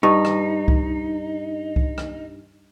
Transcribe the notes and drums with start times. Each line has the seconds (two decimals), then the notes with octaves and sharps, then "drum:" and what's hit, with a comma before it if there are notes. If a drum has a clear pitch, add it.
0.03 G2 D#4
0.25 drum: rim click
0.68 drum: kick C2
1.76 drum: kick C2
1.98 drum: rim click